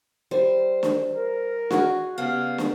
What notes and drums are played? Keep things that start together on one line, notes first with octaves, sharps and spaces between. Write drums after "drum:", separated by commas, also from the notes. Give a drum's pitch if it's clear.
G3 C5
drum: snare
A#4
F#4 G#4, drum: snare
C#3 G3 B3 F5
drum: snare